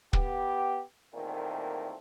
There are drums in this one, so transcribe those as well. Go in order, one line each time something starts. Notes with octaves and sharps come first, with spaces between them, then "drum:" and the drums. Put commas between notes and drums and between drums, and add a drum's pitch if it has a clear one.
B3 G4, drum: kick
E2 A#2 D#3 A3 A#3 C4